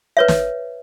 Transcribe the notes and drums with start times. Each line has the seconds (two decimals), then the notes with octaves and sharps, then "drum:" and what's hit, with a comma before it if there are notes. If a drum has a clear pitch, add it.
0.17 B4 C#5 E5
0.28 drum: snare